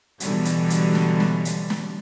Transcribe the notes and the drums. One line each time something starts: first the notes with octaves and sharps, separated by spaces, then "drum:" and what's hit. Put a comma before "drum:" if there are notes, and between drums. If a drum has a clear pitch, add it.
B2 D3 E3 F#3 G3, drum: hi-hat
drum: hi-hat
drum: hi-hat
drum: snare
drum: snare
drum: hi-hat
drum: snare